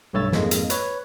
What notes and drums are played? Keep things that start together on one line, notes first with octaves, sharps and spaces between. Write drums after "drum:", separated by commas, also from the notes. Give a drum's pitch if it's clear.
B1 G2 A3 C#5 E6 A6
F2 G#2 G#3 A#3, drum: snare
drum: hi-hat
B4 C#5, drum: hi-hat